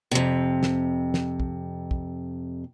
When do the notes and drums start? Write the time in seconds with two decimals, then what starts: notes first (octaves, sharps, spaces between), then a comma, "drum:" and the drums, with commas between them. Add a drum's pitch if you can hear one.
0.11 F2 C3
0.63 drum: snare
1.14 drum: snare
1.40 drum: kick
1.91 drum: kick